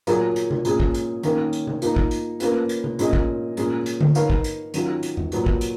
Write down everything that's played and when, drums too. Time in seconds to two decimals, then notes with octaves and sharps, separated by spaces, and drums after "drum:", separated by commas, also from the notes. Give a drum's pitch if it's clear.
0.07 A#2 F#3 A#3 F4 G#4, drum: hi-hat
0.36 drum: hi-hat
0.51 drum: tom C3
0.65 A#2 G#3 C#4 G#4, drum: hi-hat
0.80 drum: kick
0.94 drum: hi-hat
1.23 D#3 A#3 C#4, drum: hi-hat
1.53 drum: hi-hat
1.67 drum: tom C3
1.82 F3 A#3 D#4, drum: hi-hat
1.96 drum: kick
2.11 drum: hi-hat
2.40 A#3 C#4 F4 B4, drum: hi-hat
2.69 drum: hi-hat
2.84 drum: tom C3
2.99 A#2 G#3 C#4 G#4 D#5, drum: hi-hat
3.13 drum: kick
3.57 A#2 G#3 C#4, drum: hi-hat
3.86 drum: hi-hat
4.01 drum: tom D3
4.15 B3 D#4 A#4 C#5 F5, drum: hi-hat
4.30 drum: kick
4.44 drum: hi-hat
4.74 D#3 F#3 C#4 F4, drum: hi-hat
5.03 drum: hi-hat
5.17 drum: tom E2
5.32 A#2 F#3 B3 F#4, drum: hi-hat
5.46 drum: kick
5.61 drum: hi-hat